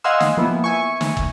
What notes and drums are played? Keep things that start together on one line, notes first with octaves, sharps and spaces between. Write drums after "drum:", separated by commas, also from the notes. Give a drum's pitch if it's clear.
D#5 F5 F#5 G#5 C6 E6
drum: snare
F3 A#3 B3 E4
E5 G#5 C#6
drum: snare
drum: kick